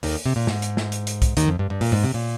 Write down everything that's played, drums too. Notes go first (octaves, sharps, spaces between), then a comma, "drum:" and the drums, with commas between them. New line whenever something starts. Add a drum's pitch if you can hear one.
D#2 D#3, drum: open hi-hat
C3
A#2
G#2, drum: snare
drum: hi-hat
drum: snare
drum: hi-hat
drum: hi-hat
drum: kick B1, hi-hat
D#2 D#3, drum: hi-hat
F2
G2
G2
A#2, drum: open hi-hat
G#2
C3
A#2